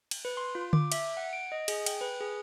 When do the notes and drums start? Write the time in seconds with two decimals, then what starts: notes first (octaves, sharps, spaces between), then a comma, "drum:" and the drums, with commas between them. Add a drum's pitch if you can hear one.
0.11 drum: cymbal
0.25 B4
0.37 C6
0.55 F4
0.73 D6, drum: tom D3
0.92 E5, drum: cymbal
1.17 F#5
1.33 D7
1.52 D#5
1.68 G#4, drum: cymbal
1.86 G5, drum: cymbal
2.01 B4
2.21 G#4